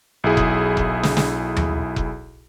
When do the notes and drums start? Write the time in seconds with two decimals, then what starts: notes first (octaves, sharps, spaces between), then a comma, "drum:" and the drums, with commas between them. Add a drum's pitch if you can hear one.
0.24 B1 E4 G#4
0.37 drum: kick F1
0.77 drum: kick F1
1.03 drum: snare
1.17 drum: snare
1.56 drum: tom D#2
1.96 drum: kick F1